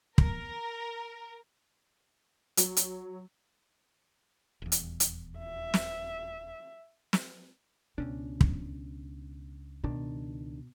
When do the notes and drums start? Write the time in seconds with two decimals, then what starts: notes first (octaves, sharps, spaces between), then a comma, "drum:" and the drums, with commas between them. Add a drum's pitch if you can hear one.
0.18 A#4, drum: kick
2.57 F#3, drum: hi-hat
2.77 drum: hi-hat
4.62 D#1 E2
4.72 drum: hi-hat
5.00 drum: hi-hat
5.39 E5
5.74 drum: snare
7.13 drum: snare
7.98 C#2 B2 C#4 D4
8.41 drum: kick
9.84 C#2 B2 D#3 D4